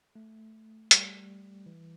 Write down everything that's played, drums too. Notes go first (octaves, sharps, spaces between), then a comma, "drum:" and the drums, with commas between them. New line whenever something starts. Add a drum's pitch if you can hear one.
A3
G3, drum: hi-hat
E3